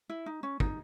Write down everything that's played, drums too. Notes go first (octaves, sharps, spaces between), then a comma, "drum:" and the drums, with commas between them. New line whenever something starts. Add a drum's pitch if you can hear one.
E4
D#4
C#4
D#4, drum: kick